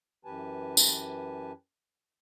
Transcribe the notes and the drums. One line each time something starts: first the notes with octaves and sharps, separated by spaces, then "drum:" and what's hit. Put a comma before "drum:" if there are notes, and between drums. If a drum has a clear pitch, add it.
F#2 E3 G4 B4 G#5 A5
drum: tambourine